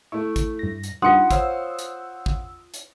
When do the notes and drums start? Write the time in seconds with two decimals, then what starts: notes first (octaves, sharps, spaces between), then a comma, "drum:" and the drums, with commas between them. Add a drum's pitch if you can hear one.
0.12 A3 E4 C#6
0.36 drum: kick, hi-hat
0.59 G2 A#6
0.83 drum: hi-hat
1.02 G3 D4 D#4 F4 F#5 C6 D#6 C#7
1.31 C5 C#5 F5 E6, drum: kick, hi-hat
1.79 drum: hi-hat
2.26 drum: kick
2.74 drum: hi-hat